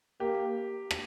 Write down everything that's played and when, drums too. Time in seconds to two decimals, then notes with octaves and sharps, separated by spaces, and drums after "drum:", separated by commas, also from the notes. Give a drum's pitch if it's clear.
0.20 A#3 G4
0.91 drum: rim click